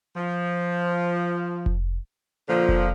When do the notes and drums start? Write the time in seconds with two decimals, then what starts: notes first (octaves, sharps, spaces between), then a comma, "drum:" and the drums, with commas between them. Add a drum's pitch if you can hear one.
0.16 F3
1.66 drum: kick F1
2.48 A#2 D3 F3
2.69 drum: kick F1